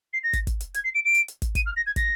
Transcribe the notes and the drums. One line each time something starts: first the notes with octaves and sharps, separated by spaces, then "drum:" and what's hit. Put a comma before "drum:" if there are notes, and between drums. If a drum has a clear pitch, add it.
C7
A#6
drum: kick, hi-hat
drum: kick, hi-hat
drum: hi-hat
G#6, drum: hi-hat
C7
D7
D7
drum: hi-hat
drum: hi-hat
drum: kick, hi-hat
D#7, drum: kick, hi-hat
F6
A#6
G#6
A#6, drum: kick, hi-hat